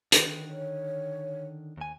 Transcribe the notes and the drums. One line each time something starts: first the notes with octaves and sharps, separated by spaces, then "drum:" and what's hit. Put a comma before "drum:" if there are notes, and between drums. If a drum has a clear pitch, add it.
D3 D#3, drum: hi-hat
C#5
D#2 G#5